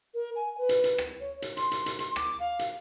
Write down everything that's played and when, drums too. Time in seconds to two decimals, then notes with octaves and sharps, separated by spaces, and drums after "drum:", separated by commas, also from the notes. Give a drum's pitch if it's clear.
0.14 A#4
0.36 G#5
0.58 B4
0.69 drum: hi-hat
0.84 drum: hi-hat
0.98 drum: rim click
1.20 C#5
1.42 drum: hi-hat
1.57 C6, drum: hi-hat
1.72 drum: hi-hat
1.86 drum: hi-hat
1.99 C6, drum: hi-hat
2.16 D6, drum: rim click
2.40 F5
2.59 drum: hi-hat